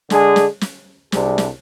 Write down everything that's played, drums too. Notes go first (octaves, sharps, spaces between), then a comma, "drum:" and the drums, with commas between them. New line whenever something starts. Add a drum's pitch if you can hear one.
D3 G#3 D4 G#4, drum: snare
drum: snare
drum: snare
C2 C3 G3 D4 G#4, drum: snare
drum: snare